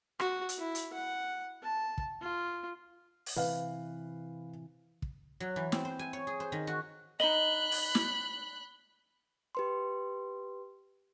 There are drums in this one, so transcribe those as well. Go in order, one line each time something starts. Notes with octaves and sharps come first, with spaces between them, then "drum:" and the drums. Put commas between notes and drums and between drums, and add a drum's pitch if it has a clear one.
F#4, drum: rim click
drum: hi-hat
E4
drum: hi-hat
F#5
A5
drum: kick
F4
drum: open hi-hat
C3 E3 B4 F5
drum: kick
F#3
E3
C4, drum: snare
C5
G#5
C#5
G#4
C5
D#3
F#4
D#4 D#5 B5 F#6 F#7 G7
drum: open hi-hat
drum: snare
G4 B4 C6